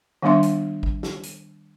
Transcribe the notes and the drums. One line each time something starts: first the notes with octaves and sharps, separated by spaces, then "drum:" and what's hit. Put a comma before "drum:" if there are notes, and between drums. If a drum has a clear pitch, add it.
D#3 G3 B3 D4 E5 C6
drum: hi-hat
drum: kick
drum: snare
drum: hi-hat